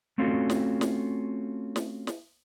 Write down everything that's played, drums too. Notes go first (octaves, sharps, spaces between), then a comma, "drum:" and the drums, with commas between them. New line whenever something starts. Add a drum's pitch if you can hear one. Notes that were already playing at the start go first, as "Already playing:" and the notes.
A3 C4 C#4 F4 F#4 A4
drum: snare
drum: snare
drum: snare
drum: snare